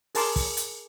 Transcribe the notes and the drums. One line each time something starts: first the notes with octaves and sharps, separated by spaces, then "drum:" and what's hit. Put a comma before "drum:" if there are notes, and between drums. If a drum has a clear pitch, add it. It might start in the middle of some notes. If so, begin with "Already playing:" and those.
G#4 A#4 A5 C6 D6, drum: open hi-hat
drum: kick, open hi-hat
drum: hi-hat